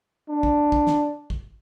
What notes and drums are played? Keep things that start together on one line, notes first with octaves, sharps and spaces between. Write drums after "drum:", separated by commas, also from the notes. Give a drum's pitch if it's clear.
D4
drum: kick
drum: kick
drum: snare
drum: kick